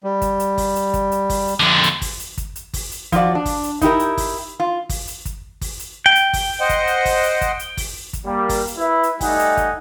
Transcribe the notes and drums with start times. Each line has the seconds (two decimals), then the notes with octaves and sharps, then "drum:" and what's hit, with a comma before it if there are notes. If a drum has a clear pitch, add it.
0.04 G3
0.22 drum: kick, hi-hat
0.40 drum: hi-hat
0.58 drum: kick, open hi-hat
0.76 drum: hi-hat
0.94 drum: kick, hi-hat
1.12 drum: hi-hat
1.30 drum: kick, open hi-hat
1.48 drum: hi-hat
1.60 F2 D3
1.84 drum: hi-hat
2.02 drum: kick, open hi-hat
2.20 drum: hi-hat
2.38 drum: kick, hi-hat
2.56 drum: hi-hat
2.74 drum: kick, open hi-hat
2.92 drum: hi-hat
3.12 F3 F4 F#4 D5, drum: kick, hi-hat
3.35 D4
3.45 drum: kick, open hi-hat
3.63 drum: hi-hat
3.81 D#4 E4 G4 A#4, drum: kick, hi-hat
3.99 drum: hi-hat
4.17 drum: kick, open hi-hat
4.60 F4
4.89 drum: kick, open hi-hat
5.07 drum: hi-hat
5.25 drum: kick, hi-hat
5.61 drum: kick, open hi-hat
5.79 drum: hi-hat
6.06 G5
6.15 drum: hi-hat
6.33 drum: kick, open hi-hat
6.60 C5 D#5 F#5
6.69 drum: kick, hi-hat
6.87 drum: hi-hat
7.05 drum: kick, open hi-hat
7.23 drum: hi-hat
7.41 drum: kick, hi-hat
7.59 drum: hi-hat
7.77 drum: kick, open hi-hat
8.13 drum: kick, hi-hat
8.26 G3 A#3
8.49 drum: kick, open hi-hat
8.67 drum: hi-hat
8.77 E4 B4 E5
9.03 drum: hi-hat
9.21 G3 A3 D#4 D#5 F#5 G#5, drum: kick, open hi-hat
9.39 drum: hi-hat
9.57 drum: kick, hi-hat